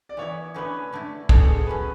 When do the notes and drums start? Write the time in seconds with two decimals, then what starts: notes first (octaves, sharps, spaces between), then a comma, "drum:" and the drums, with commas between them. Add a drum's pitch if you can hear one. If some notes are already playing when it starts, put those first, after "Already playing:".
0.09 D5
0.17 E3 B3 E4 C#5
0.54 D3 A3 C#4 G#4 B4 C#5
0.93 D3 A3 E4
1.29 D3 G#3 B3 F#4 A4, drum: kick
1.48 G#4
1.66 A2 F#3 C#4 B4